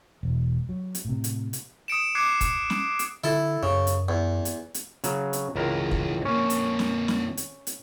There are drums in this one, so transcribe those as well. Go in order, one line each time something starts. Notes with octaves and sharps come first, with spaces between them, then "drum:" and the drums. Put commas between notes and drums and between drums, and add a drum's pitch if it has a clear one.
E1
F#3
drum: hi-hat
A2 C3
drum: hi-hat
drum: hi-hat
D#6 C#7 D7 E7
D6 F#6 G#6 C7 C#7
drum: kick, hi-hat
drum: snare
drum: hi-hat
D3 E4 A4
F#2 C#3
drum: hi-hat
E2
drum: hi-hat
drum: hi-hat
C#3 F#3, drum: hi-hat
drum: hi-hat
C#2 G2 E3 A#4
drum: kick
F2 A#3 C#4
drum: hi-hat
drum: snare
drum: snare
drum: hi-hat
drum: hi-hat